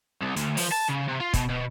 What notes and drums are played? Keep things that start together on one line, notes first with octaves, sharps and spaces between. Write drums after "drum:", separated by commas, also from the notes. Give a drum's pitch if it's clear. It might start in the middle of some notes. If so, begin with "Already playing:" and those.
C2
D2, drum: hi-hat
F3, drum: open hi-hat
A5
C#3
C3
F4
B2, drum: kick, hi-hat
B2